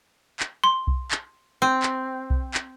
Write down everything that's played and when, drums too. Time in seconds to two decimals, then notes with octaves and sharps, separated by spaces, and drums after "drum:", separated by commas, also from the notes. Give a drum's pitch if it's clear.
0.40 drum: clap
0.64 C6
0.87 drum: kick B1
1.11 drum: clap
1.62 C4
1.83 drum: clap
2.30 drum: kick B1
2.54 drum: clap